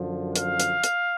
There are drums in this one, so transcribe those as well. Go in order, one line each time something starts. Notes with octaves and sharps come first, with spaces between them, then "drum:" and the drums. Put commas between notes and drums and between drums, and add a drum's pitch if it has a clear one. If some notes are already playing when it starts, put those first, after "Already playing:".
Already playing: F#2 D3 F3
F5, drum: hi-hat
drum: hi-hat
drum: hi-hat